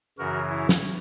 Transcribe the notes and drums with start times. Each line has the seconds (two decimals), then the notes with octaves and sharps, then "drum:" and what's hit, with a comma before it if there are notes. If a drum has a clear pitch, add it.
0.18 F#2 C#3 E3 F#4 A#4
0.49 E4
0.69 drum: snare